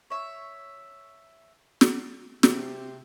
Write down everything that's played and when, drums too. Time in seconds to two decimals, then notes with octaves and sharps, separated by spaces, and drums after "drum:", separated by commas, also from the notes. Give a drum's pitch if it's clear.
0.10 C#5 E5
1.81 drum: snare
2.43 C3, drum: snare